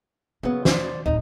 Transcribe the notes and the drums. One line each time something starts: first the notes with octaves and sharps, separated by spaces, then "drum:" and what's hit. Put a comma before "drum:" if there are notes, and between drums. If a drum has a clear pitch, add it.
C#3 F#3 A#3 B3
A3 C5 D5, drum: snare
D1 E2 D#4